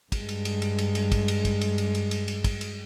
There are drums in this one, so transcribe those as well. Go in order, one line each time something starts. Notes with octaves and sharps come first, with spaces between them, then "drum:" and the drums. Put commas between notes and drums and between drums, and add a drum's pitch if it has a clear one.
G2 G#3, drum: kick, cymbal
drum: cymbal
drum: cymbal
drum: cymbal
drum: cymbal
drum: cymbal
drum: kick, cymbal
drum: cymbal
drum: kick, cymbal
drum: cymbal
drum: cymbal
drum: cymbal
drum: cymbal
drum: cymbal
drum: kick, cymbal
drum: cymbal